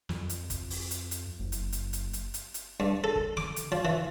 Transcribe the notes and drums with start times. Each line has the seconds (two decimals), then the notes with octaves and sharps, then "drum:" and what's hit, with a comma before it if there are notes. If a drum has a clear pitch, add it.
0.09 F2, drum: snare
0.29 drum: hi-hat
0.50 drum: kick G1, hi-hat
0.70 drum: open hi-hat
0.91 drum: hi-hat
1.11 drum: hi-hat
1.40 F#1
1.52 drum: hi-hat
1.72 drum: hi-hat
1.93 drum: hi-hat
2.13 drum: hi-hat
2.34 drum: hi-hat
2.54 drum: hi-hat
2.80 G2
3.04 A4
3.15 drum: kick G1
3.37 D6, drum: snare
3.56 drum: hi-hat
3.72 F3
3.85 E3